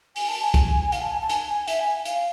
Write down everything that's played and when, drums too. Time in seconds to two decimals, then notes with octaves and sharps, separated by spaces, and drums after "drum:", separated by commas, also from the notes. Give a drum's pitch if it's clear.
0.16 G#5, drum: open hi-hat
0.28 A5
0.41 G#5
0.54 drum: kick, hi-hat
0.92 F5, drum: hi-hat
1.02 A5
1.10 G#5
1.21 A5
1.29 G#5, drum: hi-hat
1.49 G#5
1.68 E5, drum: hi-hat
1.80 G#5
2.05 F5, drum: hi-hat